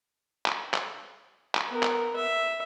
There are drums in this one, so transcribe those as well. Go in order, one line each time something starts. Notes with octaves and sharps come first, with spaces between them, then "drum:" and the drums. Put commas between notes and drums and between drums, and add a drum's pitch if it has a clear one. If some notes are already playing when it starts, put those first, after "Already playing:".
drum: clap
drum: clap
drum: clap
B3 A#4
drum: clap
E5